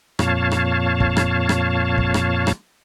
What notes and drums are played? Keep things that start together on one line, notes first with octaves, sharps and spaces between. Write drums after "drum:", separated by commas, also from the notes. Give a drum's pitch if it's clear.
F2 A#2 C#5 F5 A5, drum: rim click
drum: rim click
drum: kick
drum: rim click
drum: rim click
drum: kick
drum: rim click
drum: rim click